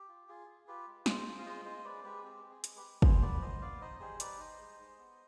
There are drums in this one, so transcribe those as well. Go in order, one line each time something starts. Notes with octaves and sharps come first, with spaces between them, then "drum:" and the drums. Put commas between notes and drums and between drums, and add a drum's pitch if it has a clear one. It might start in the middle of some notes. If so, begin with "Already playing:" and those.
Already playing: G4
F4
F4 G#4
F4
F4 G4 B4
G#3
G#3 C5 D#5, drum: snare
F4
F5
G#3 C5 D#5
G#3 C5 D#5
G#3 B4 D5
G#3 G4 B4
C4 G4
C4
G#4
G#3, drum: hi-hat
G4 B4
G#3
B3 G#4 C5, drum: kick
B3 B4 D5
B3 C5 D#5
B3 D5 F5
D#4 C5 D#5
G3 G#4 C5
D#4 B4 D5, drum: hi-hat
D#4 C5 D#5
G#3
G#3
B3